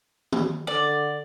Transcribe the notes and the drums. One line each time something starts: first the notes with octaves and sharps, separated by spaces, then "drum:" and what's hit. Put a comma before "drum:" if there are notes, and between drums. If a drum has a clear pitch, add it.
drum: tom
D3 D5